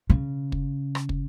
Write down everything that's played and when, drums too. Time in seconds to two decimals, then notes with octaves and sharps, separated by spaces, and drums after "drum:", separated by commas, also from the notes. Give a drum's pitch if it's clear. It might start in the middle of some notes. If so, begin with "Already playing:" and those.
0.10 C#3
0.52 drum: kick
0.95 drum: rim click
1.09 drum: kick